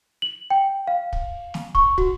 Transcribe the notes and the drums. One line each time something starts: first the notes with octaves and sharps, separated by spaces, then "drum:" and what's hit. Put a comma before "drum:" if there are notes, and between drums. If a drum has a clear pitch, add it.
F#7
G5
F5
drum: kick
drum: snare
C#6, drum: kick
F#4, drum: kick